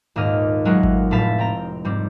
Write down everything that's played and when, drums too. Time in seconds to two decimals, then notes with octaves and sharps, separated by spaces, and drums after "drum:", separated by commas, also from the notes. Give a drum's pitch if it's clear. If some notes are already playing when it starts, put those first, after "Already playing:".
0.16 D#1 D#2 G#2 D#5 F6
0.65 F#3 G#3 A3 F4 A#4 F#5
0.83 drum: kick G#1
1.11 F1 A2 A3 F5 A5 B6
1.38 C4 G5 A#5
1.85 G#2 G3 C4